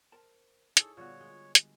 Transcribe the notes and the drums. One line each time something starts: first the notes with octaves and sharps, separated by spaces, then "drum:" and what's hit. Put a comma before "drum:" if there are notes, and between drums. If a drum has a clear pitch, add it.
A#4 C5 A5
D#4 E4 G#4 A4 C#5, drum: hi-hat
A#2 D3 G3 B3 F#4 C#5
G#3
drum: hi-hat